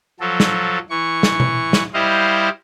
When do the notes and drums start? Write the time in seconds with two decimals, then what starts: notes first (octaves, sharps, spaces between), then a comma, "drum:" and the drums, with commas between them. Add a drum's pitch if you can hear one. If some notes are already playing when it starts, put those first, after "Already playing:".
0.20 F3 F#3 A4
0.40 drum: snare
0.90 E3 C#6
1.23 drum: snare
1.40 drum: tom B2
1.73 drum: snare
1.94 G3 E4 C5 D#5 F5